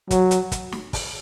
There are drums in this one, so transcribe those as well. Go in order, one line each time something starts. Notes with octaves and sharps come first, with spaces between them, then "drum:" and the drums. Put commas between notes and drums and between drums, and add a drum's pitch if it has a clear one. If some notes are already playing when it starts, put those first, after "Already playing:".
F#3, drum: kick, hi-hat
drum: hi-hat
drum: kick, hi-hat
drum: snare
drum: kick, open hi-hat